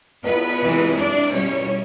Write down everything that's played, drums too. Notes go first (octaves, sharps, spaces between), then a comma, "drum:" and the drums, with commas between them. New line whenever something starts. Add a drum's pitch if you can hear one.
B3 B4, drum: cymbal
C3 E3 G#3
D4 D5
B2 G3 C#4 C#5